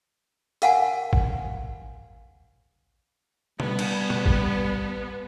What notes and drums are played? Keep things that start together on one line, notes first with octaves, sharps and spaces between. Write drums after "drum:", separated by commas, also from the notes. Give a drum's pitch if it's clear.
A#4 F5 F#5 G#5, drum: hi-hat
drum: kick
G3 B3, drum: tom
drum: cymbal
drum: tom
drum: kick